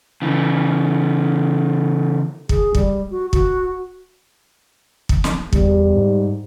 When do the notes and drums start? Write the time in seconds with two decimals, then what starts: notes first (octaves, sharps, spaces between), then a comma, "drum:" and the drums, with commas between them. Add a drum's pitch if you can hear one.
0.22 C#3 E3
2.49 G#4, drum: kick
2.75 G3, drum: kick
3.11 F#4
3.33 F#4, drum: kick
5.09 drum: kick
5.24 drum: snare
5.53 E2 G3, drum: kick
5.96 G#2